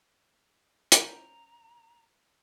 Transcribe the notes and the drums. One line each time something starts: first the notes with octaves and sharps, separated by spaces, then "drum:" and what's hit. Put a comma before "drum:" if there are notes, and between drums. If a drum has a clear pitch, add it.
C#4 C5 A#5 B5, drum: hi-hat